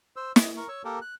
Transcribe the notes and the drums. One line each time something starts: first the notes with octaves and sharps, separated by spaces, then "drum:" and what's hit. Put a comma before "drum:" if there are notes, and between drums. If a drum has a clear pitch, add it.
C5 E6
D#5, drum: snare
A#4 C#6
C#5 C#6 E6
A#3 G4 A4 A#4
F#6